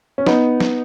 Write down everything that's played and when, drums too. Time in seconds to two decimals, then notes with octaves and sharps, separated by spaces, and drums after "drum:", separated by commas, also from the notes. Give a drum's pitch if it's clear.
0.18 C#4
0.26 B3 D#4, drum: snare
0.60 drum: snare